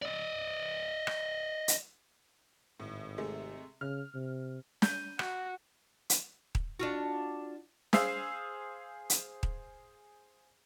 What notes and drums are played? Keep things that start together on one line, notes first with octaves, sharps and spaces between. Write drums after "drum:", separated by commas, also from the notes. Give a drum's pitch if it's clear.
D5 D#5
drum: rim click
drum: hi-hat
G#1 A2
C3 G#3 A3
C#3 F6
C3
G6 D#7, drum: snare
F#4, drum: rim click
drum: hi-hat
drum: kick D#1
D4 F4 F#4
G#4 C5 F5 D#6 E6 C7, drum: snare
drum: hi-hat
drum: kick D#1